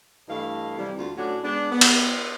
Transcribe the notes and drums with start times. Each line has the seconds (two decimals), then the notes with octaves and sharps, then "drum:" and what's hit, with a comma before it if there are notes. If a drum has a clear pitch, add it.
0.29 G2 E3 A3 D#5 F5
0.77 C3 E3 G3
0.97 D2 F4
1.17 A2 C#4 D4 F#4
1.43 G#3 B3 D4
1.72 B3
1.81 drum: cymbal